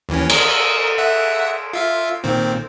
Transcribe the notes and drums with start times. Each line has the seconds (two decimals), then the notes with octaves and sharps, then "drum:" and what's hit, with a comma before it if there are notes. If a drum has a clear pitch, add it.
0.09 D#2 E3 C#4
0.29 A#4, drum: cymbal
0.98 E5 F#5
1.73 F4 E5 F5
2.24 A#2 D#3 C4